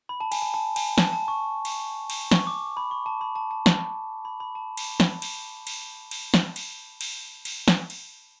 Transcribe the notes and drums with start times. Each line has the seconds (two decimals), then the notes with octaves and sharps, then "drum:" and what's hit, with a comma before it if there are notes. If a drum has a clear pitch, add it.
0.09 B5
0.20 A5
0.32 G#5, drum: cymbal
0.42 A5
0.54 A5
0.76 G#5, drum: cymbal
0.98 A5, drum: snare
1.13 A5
1.28 C#6
1.65 drum: cymbal
2.10 drum: cymbal
2.31 C#6, drum: snare
2.47 D6
2.77 B5
2.91 C#6
3.06 A5
3.21 B5
3.35 A5
3.51 A5
3.66 A5, drum: snare
4.25 B5
4.40 B5
4.55 A5
4.77 drum: cymbal
5.00 drum: snare
5.22 drum: cymbal
5.67 drum: cymbal
6.11 drum: cymbal
6.34 drum: snare
6.56 drum: cymbal
7.01 drum: cymbal
7.45 drum: cymbal
7.68 drum: snare
7.90 drum: cymbal